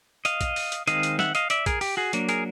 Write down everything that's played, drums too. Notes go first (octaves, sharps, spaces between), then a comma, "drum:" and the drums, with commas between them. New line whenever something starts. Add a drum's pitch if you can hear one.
D#5 F5, drum: hi-hat
drum: kick, hi-hat
drum: open hi-hat
drum: hi-hat
D#3 G#3 C4 D#5 F5, drum: hi-hat
drum: hi-hat
E5 F#5, drum: snare
D#5 F5, drum: hi-hat
D5 E5, drum: hi-hat
G#4 A#4, drum: kick, hi-hat
G4, drum: open hi-hat
F#4 G#4
F#3 A#3 D4, drum: hi-hat
G#4 A#4, drum: hi-hat